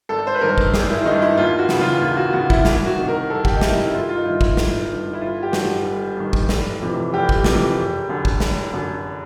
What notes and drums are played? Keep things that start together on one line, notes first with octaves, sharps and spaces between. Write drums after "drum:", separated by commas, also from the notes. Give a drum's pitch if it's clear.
G#1 A4
C5
B4
G2 D#3 A#4
drum: kick
G#1 G#4, drum: snare
E4
G2 D#3 D#4
E4
D#2 F4
F#4
C#3 E3, drum: snare
F4
D#2 F4
F#4
C#3 E3 F#4
E4, drum: kick
C2 E4, drum: snare
F#4
C3 D#3
A#4
C2 A4
G4, drum: kick
D#4
C3 D#3 E4, drum: snare
E4
G1 F4
F4
D#4
G2 D#3 E4
E4, drum: kick
G1, drum: snare
G2 D#3
E4
G1 F4
G4
G2 D#3 F#4, drum: snare
G1
G2 D#3
drum: kick
F1, drum: snare
F2 C3 E3
F1 G4
drum: kick
F2 C3 E3, drum: snare
F#1
F#2 D3
drum: kick
F#1, drum: snare
F#2 D3